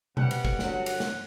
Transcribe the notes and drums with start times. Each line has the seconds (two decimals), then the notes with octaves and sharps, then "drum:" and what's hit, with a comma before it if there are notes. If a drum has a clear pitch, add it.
0.17 C3 G3 B3 F#5, drum: tom B2
0.31 drum: cymbal
0.45 drum: kick
0.59 G2 D3 F#3, drum: snare
0.86 drum: cymbal
1.00 drum: snare